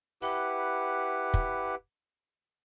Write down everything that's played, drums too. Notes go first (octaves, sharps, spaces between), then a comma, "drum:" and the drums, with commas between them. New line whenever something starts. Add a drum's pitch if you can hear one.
E4 G4 B4 F#5, drum: open hi-hat
drum: kick